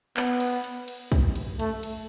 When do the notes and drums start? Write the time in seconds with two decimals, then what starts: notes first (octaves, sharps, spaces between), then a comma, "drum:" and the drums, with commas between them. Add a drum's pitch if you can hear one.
0.17 B3, drum: clap
0.40 drum: cymbal
0.64 drum: cymbal
0.88 drum: cymbal
1.12 drum: kick, cymbal
1.35 drum: cymbal
1.59 A3, drum: cymbal
1.83 drum: cymbal